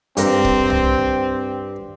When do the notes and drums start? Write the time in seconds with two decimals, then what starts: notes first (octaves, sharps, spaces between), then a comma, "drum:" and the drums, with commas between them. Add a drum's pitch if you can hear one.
0.17 G2 C4 A#4, drum: hi-hat
0.44 drum: kick
0.70 drum: tom